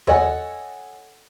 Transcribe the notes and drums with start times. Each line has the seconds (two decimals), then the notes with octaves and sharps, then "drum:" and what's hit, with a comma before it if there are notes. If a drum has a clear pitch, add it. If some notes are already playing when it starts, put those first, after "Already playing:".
0.07 A4 C#5 D#5 F#5 G#5, drum: tom E2